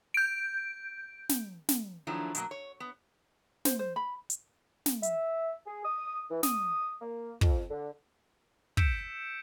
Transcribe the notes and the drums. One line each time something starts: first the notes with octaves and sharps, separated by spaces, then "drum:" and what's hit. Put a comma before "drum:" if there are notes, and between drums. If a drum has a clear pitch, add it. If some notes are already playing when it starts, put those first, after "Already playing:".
G6 D7
drum: snare
drum: snare
D#3 F3 F#3 A3 D4 E4
B2 F#3 A#3, drum: hi-hat
C#5
B3
C5, drum: snare
C5
B5
drum: hi-hat
drum: snare
E5, drum: hi-hat
G#4
D#6
E3
D#6, drum: snare
A#3
F2, drum: kick
D3
E6 G6 B6 C#7 D7 E7, drum: kick